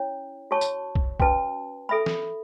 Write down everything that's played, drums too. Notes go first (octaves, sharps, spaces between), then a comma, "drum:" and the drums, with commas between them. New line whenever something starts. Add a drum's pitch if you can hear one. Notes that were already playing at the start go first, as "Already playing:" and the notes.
Already playing: C#4 E4 C#5
F#4 C#5 A5 C#6
drum: tambourine
drum: kick B1
C#4 F#4 B4 A5, drum: kick B1
A4 E5 B5
drum: snare